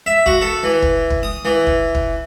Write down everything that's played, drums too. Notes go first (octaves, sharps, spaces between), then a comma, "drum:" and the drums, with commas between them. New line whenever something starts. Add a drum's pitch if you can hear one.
E5
F#4, drum: kick
A4
E3
drum: kick
drum: kick
D#6
E3
drum: kick
drum: kick